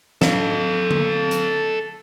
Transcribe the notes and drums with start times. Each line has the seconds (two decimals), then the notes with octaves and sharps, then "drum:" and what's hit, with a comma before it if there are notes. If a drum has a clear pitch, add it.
0.22 A4 F5, drum: snare
0.91 drum: tom D3
1.31 drum: hi-hat